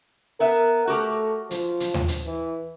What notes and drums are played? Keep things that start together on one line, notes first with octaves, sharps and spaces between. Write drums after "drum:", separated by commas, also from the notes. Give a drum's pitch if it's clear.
B3 A#4 B4 E5
A3 F#4 G4 A#4
F3, drum: hi-hat
drum: hi-hat
drum: tom D#2
drum: hi-hat
E3